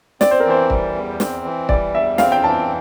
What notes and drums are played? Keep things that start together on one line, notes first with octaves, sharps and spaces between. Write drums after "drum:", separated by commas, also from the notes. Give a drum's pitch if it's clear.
C4 D5, drum: snare
C5
A#4
E3 C5
G3, drum: kick
E2
C4, drum: snare
E3
G3 D5, drum: kick
E2 E5
C4 F5, drum: snare
G5
E3 A5